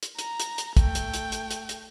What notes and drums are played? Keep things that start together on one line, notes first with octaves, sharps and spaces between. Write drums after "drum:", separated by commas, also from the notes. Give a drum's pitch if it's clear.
drum: hi-hat
A#5, drum: hi-hat
drum: hi-hat
drum: hi-hat
A3 G5, drum: kick, hi-hat
drum: hi-hat
drum: hi-hat
drum: hi-hat
drum: hi-hat
drum: hi-hat